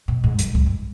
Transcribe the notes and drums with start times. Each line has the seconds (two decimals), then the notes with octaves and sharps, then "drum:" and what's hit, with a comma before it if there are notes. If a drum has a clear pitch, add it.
0.08 B2
0.24 G#2
0.39 F#2, drum: hi-hat
0.55 G2, drum: kick C#2
0.66 G2